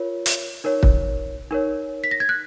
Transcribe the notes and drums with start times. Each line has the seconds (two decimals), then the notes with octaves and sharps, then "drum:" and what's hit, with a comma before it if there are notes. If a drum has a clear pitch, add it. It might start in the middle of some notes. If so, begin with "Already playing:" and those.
Already playing: F4 A#4 C#5
0.26 drum: hi-hat
0.64 D#4 A#4 C#5
0.83 drum: kick
1.51 D#4 A#4 C#5
2.04 B6
2.11 A#6
2.20 G#6
2.29 F#6